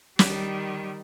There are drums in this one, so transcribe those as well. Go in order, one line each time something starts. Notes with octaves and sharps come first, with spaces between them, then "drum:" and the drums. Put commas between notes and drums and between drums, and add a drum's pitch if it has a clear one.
D#3 G3, drum: snare